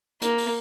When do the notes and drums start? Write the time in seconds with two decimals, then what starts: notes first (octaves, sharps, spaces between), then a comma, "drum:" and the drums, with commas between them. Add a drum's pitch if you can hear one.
0.22 A#3, drum: hi-hat
0.38 drum: open hi-hat